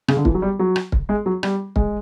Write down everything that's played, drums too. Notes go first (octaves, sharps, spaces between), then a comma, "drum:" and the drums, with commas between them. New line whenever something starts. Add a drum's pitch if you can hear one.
C#3, drum: rim click
D3
E3, drum: kick
F#3
G3
F#3
drum: rim click
drum: kick
G#3
F#3
G3, drum: rim click
G#3, drum: kick